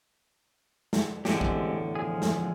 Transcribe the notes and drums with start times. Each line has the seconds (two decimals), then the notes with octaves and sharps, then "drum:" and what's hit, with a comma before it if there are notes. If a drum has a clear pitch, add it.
0.93 drum: snare
1.25 E2 A2 D3 G#3 C4 G4, drum: snare
1.41 drum: kick A#1
1.95 F3 G#4
2.22 drum: snare